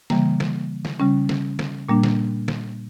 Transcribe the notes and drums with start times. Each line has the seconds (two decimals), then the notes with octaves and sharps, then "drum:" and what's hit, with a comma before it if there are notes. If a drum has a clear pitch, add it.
0.10 C#3 E3 G3 A#3, drum: snare
0.40 drum: snare
0.85 drum: snare
1.00 C#3 G3 C#4
1.29 drum: snare
1.59 drum: snare
1.89 A#2 G3 A#3 D4
2.03 drum: snare
2.48 drum: snare